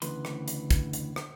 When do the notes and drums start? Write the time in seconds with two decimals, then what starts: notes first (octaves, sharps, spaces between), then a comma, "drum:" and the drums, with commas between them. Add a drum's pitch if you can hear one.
0.02 D2 C#3 E3 B4 C6, drum: hi-hat
0.25 drum: rim click
0.48 drum: hi-hat
0.71 drum: kick, hi-hat
0.93 drum: hi-hat
1.16 drum: rim click